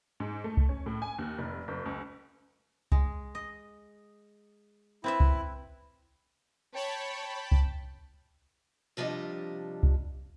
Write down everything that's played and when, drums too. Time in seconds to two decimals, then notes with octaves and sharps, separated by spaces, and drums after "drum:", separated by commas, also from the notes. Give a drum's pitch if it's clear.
0.20 G#2
0.44 A3
0.57 drum: kick C2
0.69 C#4
0.86 A2
1.02 G#5
1.18 D#2
1.38 F1
1.68 F#1
1.86 C#2
2.92 G#3, drum: kick C2
3.35 D#5
5.04 C4 E4 B4 E5
5.20 drum: kick C2
6.74 C#5 G5 A5 B5
7.52 drum: kick C2
8.97 C3 F3 G3 D4 D#5
9.83 drum: kick C2